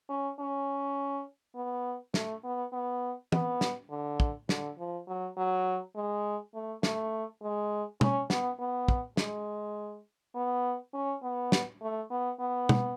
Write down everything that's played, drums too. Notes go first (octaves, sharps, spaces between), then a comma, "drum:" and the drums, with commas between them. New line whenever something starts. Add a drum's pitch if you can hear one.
C#4
C#4
B3
A3, drum: snare
B3
B3
B3, drum: tom
drum: snare
D3
drum: kick
D3, drum: snare
F3
F#3
F#3
G#3
A3
A3, drum: snare
G#3
C#4, drum: tom B2
B3, drum: snare
B3
drum: kick
G#3, drum: snare
B3
C#4
B3
drum: snare
A3
B3
B3
drum: tom B2